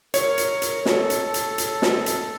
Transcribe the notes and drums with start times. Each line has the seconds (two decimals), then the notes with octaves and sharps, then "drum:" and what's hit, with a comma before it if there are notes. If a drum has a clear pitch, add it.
0.14 A#4 C#5, drum: hi-hat
0.38 drum: hi-hat
0.62 drum: hi-hat
0.86 A4, drum: snare
1.10 drum: hi-hat
1.34 drum: hi-hat
1.58 drum: hi-hat
1.82 drum: snare
2.06 drum: hi-hat